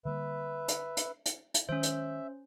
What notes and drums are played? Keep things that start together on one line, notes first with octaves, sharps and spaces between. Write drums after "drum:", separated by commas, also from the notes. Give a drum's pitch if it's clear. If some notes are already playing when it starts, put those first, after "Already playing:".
D3 G3 A#3 B4 E5
drum: hi-hat
drum: hi-hat
drum: hi-hat
drum: hi-hat
D#3 F#3 G#3 C#4 C5 E5
drum: hi-hat